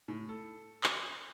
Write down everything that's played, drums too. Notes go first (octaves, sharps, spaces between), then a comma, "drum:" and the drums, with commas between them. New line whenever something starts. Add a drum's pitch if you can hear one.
A2
A4
drum: clap